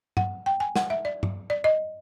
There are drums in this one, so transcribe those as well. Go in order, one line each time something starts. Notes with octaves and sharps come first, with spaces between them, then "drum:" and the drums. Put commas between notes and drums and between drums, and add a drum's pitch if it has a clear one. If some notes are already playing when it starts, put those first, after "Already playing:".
F#5, drum: tom
G5
G#5
F#5, drum: snare
E5
D5
drum: tom
D5
D#5